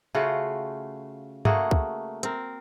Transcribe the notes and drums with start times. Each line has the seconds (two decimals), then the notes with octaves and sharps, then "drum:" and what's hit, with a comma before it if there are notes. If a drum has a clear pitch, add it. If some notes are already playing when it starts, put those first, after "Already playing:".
0.15 C#3 A3 F4 F#4
1.45 A3 A#3 F#4 G#4, drum: tom G2
1.71 drum: kick
2.23 C4 A#4, drum: hi-hat